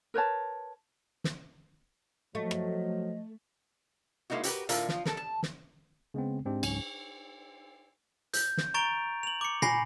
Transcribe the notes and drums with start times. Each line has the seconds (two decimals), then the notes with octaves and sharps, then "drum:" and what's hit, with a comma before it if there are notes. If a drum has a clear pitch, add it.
0.14 A#4 B4 C#5 A5
1.24 drum: snare
2.35 F3 F#3 A3 D#5
2.51 drum: rim click
4.30 G#3 A#3 D#4 E4 F#4
4.43 F#4 G4 A#4 B4, drum: hi-hat
4.69 A2 D3 F4 A#4, drum: hi-hat
4.89 F3 F4, drum: snare
5.05 A4 A#4, drum: snare
5.17 A5
5.43 drum: snare
6.14 C#3 G#3 B3 C4
6.45 G#2 G#3 C4 D4 G4
6.63 C#2 G#2 F#3 C#4, drum: cymbal
8.34 G6, drum: hi-hat
8.57 drum: snare
8.74 A#5 C#6 A6 D7 F7
9.23 F7 F#7
9.41 D6 C#7
9.62 G#5 B5 A#6 C7, drum: tom A#2